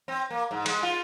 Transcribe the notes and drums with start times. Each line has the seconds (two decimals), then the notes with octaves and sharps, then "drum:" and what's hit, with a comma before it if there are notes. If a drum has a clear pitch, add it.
0.08 C4
0.31 A#3
0.51 G#2
0.66 G#3, drum: cymbal
0.83 F4